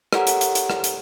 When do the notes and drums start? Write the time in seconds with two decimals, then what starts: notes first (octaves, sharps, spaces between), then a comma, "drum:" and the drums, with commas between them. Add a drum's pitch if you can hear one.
0.13 G4 A4 A#4 C#5 F#5 A#5, drum: rim click
0.27 drum: hi-hat
0.41 drum: hi-hat
0.55 drum: hi-hat
0.70 drum: rim click
0.84 drum: hi-hat